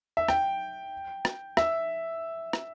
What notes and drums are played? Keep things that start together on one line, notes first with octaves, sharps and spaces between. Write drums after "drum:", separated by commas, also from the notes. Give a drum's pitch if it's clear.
E5
G5, drum: rim click
drum: rim click
E5, drum: rim click
drum: rim click